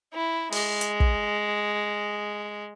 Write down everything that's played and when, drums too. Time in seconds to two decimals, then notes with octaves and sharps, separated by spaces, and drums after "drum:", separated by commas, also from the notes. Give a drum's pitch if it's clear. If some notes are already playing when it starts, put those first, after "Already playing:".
0.14 E4
0.52 G#3, drum: open hi-hat
0.81 drum: hi-hat
1.00 drum: kick